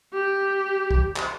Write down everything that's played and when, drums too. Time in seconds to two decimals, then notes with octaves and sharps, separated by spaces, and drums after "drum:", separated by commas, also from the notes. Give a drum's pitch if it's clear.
0.13 G4
0.91 drum: kick
1.16 drum: clap